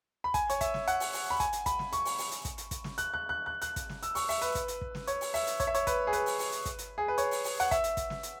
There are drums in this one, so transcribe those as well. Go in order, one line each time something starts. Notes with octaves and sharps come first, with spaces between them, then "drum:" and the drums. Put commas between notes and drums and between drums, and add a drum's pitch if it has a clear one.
B5
G#5, drum: kick, hi-hat
C#5, drum: hi-hat
E5, drum: kick, hi-hat
drum: snare
F#5, drum: hi-hat
drum: open hi-hat
drum: open hi-hat
B5
G#5, drum: kick, hi-hat
drum: hi-hat
B5, drum: kick, hi-hat
drum: snare
C#6, drum: hi-hat
drum: open hi-hat
drum: open hi-hat
drum: hi-hat
drum: kick, hi-hat
drum: hi-hat
drum: kick, hi-hat
drum: snare
F#6, drum: hi-hat
F#6
F#6
F#6
F#6, drum: hi-hat
drum: kick, hi-hat
drum: snare
E6, drum: hi-hat
C#6, drum: open hi-hat
E5, drum: open hi-hat
B4, drum: hi-hat
drum: kick, hi-hat
drum: hi-hat
drum: kick
drum: snare
C#5, drum: hi-hat
drum: open hi-hat
E5, drum: open hi-hat
drum: hi-hat
C#5, drum: kick, hi-hat
E5
C#5, drum: hi-hat
B4, drum: kick, hi-hat
G#4
B4, drum: hi-hat
drum: open hi-hat
drum: open hi-hat
drum: hi-hat
drum: kick, hi-hat
drum: hi-hat
G#4
B4
C#5, drum: hi-hat
drum: open hi-hat
drum: open hi-hat
F#5, drum: hi-hat
E5, drum: kick, hi-hat
drum: hi-hat
drum: kick, hi-hat
drum: snare
drum: hi-hat